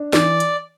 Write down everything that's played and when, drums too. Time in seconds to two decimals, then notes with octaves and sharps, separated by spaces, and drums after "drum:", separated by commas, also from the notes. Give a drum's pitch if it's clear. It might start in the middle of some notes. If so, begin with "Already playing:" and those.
Already playing: D4
0.13 E3 D5, drum: snare
0.40 drum: hi-hat